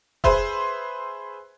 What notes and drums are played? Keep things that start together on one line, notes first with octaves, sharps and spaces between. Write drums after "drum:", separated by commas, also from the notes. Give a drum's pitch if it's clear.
G#4 B4 C5 E5, drum: kick F1